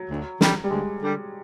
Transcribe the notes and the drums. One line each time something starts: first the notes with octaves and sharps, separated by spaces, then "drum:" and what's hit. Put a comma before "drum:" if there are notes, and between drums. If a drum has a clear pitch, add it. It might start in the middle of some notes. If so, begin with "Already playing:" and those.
Already playing: F#3
D2
D3 G3, drum: snare
G3
D2 G#3
D3 G3